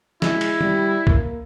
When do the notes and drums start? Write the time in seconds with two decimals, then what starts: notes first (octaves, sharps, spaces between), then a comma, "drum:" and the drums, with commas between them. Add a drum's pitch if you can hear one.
0.22 G#3 E4, drum: snare
0.41 drum: cymbal
0.61 G3, drum: tom
1.07 A#3, drum: kick